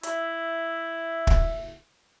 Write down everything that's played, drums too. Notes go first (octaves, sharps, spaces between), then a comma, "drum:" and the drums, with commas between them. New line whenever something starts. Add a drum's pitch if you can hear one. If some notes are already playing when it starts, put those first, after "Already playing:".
E4 E5, drum: hi-hat
drum: kick